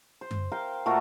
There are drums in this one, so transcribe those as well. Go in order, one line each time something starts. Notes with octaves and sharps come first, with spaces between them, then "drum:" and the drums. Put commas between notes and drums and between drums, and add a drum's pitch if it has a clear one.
C5
drum: tom F#2
A#4 F5 G5
A#2 A3 F#4 A#4